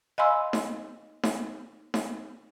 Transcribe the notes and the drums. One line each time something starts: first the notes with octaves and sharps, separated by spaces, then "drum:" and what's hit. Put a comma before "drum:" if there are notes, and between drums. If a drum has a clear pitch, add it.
D#5 F5 G#5 B5 C6 E6
drum: snare D#4
drum: snare D#4
drum: snare D#4